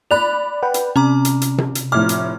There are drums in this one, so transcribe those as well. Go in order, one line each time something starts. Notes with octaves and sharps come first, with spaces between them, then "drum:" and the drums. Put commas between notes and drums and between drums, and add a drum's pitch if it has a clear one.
D5 B5 F#6 F7
B4 F#5 G5
drum: hi-hat
C3 C#4 A#5 D6
drum: hi-hat
drum: hi-hat
drum: tom C3
drum: hi-hat
F1 A2 D6 F6
drum: hi-hat